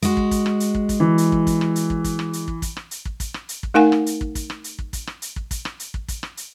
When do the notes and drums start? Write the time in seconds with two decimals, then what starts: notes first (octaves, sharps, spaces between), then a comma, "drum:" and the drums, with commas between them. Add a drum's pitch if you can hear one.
0.02 G#3 F#4, drum: hi-hat
0.17 drum: kick
0.31 drum: kick, hi-hat
0.46 drum: rim click
0.60 drum: hi-hat
0.75 drum: kick
0.89 drum: kick, hi-hat
1.00 E3
1.18 drum: hi-hat
1.32 drum: kick
1.47 drum: kick, hi-hat
1.61 drum: rim click
1.76 drum: hi-hat
1.90 drum: kick
2.04 drum: kick, hi-hat
2.19 drum: rim click
2.33 drum: hi-hat
2.48 drum: kick
2.62 drum: kick, hi-hat
2.77 drum: rim click
2.91 drum: hi-hat
3.05 drum: kick
3.20 drum: kick, hi-hat
3.34 drum: rim click
3.49 drum: hi-hat
3.63 drum: kick
3.74 A3 D#4 A#4 F5 F#5 G#5
3.92 drum: rim click
4.06 drum: hi-hat
4.21 drum: kick
4.35 drum: kick, hi-hat
4.50 drum: rim click
4.64 drum: hi-hat
4.79 drum: kick
4.93 drum: kick, hi-hat
5.07 drum: rim click
5.22 drum: hi-hat
5.36 drum: kick
5.51 drum: kick, hi-hat
5.65 drum: rim click
5.80 drum: hi-hat
5.94 drum: kick
6.08 drum: kick, hi-hat
6.23 drum: rim click
6.37 drum: hi-hat